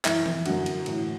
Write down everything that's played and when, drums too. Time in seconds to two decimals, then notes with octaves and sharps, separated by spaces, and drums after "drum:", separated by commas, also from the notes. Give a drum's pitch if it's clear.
0.05 F#2 E3 E4, drum: clap
0.26 drum: tom E3
0.46 F#2 D3 F#4, drum: cymbal
0.66 drum: cymbal
0.86 A2 E3, drum: cymbal